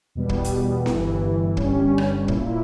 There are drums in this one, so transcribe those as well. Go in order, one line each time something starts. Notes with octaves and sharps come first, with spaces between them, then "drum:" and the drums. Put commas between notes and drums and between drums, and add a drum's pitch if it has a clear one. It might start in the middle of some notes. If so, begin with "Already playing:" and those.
E2 B2 G3 B3
drum: kick
drum: hi-hat
G1 G2 E3, drum: snare B3
G1 G2 G3 C#4, drum: kick
drum: rim click
A#2 A#3 E4, drum: kick